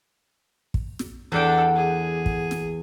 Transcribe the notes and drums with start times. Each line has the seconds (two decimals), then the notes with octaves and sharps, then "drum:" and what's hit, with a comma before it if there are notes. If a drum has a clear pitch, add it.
0.74 drum: kick
0.99 drum: snare
1.32 E2 D4 A4 F#5 G5
1.75 G#4
2.26 drum: kick
2.51 drum: snare